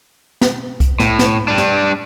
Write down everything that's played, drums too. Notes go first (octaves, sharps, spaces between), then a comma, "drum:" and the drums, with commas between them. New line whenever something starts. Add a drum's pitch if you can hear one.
drum: snare
drum: kick C2, hi-hat
A2, drum: snare
drum: snare
G3 D4
drum: snare